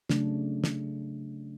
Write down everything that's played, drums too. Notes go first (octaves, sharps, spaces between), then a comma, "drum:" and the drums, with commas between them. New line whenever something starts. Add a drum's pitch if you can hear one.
C#3 F#3 A3 D4, drum: snare
drum: snare